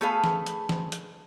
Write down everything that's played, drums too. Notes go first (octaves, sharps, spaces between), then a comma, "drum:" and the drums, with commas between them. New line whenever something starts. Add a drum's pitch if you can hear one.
A3 B3 G#4 A4 B4 F5
drum: snare
drum: hi-hat
drum: snare
drum: hi-hat